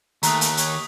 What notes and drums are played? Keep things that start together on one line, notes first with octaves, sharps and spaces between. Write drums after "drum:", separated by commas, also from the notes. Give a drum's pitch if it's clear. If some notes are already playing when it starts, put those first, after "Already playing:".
D#2 A3 D#5 G5 A#5 D#6 F#6 B6, drum: hi-hat
drum: hi-hat
C#5, drum: hi-hat